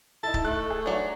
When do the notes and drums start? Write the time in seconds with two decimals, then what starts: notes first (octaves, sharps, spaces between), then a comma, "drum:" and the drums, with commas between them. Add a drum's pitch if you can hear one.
0.23 D#4 E4 A5
0.34 drum: kick C#1
0.45 A3 F#6
0.70 G#4
0.86 F#3 D4